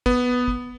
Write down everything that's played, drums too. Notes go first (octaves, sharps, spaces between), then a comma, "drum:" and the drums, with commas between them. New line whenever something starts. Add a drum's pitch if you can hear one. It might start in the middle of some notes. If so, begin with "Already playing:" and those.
B3, drum: kick
drum: kick